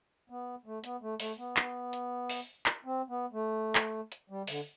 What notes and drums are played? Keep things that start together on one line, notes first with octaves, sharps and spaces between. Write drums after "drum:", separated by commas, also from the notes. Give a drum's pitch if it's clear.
B3
A3
B3, drum: hi-hat
A3
A3, drum: open hi-hat
B3
drum: clap
drum: hi-hat
drum: open hi-hat
drum: clap
C4
B3
A3
drum: clap
drum: hi-hat
G3
D3, drum: open hi-hat